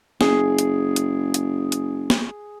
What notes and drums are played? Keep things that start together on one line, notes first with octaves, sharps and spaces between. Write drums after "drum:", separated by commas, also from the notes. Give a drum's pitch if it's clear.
F#1 G#4, drum: snare
drum: hi-hat
drum: hi-hat
drum: hi-hat
drum: hi-hat
drum: snare